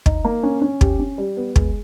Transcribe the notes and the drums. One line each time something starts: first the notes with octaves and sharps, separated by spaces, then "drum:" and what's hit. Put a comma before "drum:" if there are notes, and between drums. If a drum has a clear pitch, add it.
D#4, drum: kick
A#3
C#4
C#4
G4, drum: kick
C#4
G3
B3
G#3, drum: kick